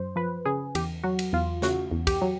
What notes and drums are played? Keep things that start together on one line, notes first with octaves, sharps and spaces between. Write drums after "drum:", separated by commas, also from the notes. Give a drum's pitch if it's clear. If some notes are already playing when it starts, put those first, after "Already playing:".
Already playing: F#2 C5
F3 B4
C#3 G#4
E2 G4, drum: cymbal
F#3 F#4
drum: cymbal
E2 F4
C#3 F#4, drum: snare
E2
G4, drum: kick, cymbal
F#3